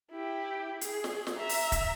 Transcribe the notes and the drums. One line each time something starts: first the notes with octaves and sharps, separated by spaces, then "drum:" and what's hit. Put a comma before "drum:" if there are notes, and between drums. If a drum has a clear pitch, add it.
E4 G4
G#4, drum: hi-hat
drum: snare
drum: snare
E5 A#5
drum: open hi-hat
drum: kick, hi-hat